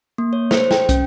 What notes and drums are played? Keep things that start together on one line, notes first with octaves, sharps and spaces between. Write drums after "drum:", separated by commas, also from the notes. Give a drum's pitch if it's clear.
A#3
C#5
C5, drum: snare
G5, drum: snare
C#4, drum: kick, hi-hat